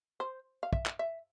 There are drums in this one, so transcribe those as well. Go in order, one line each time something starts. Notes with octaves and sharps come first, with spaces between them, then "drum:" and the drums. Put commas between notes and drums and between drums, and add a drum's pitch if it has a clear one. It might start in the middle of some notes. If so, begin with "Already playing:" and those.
C5
F5
E5, drum: kick
drum: clap
E5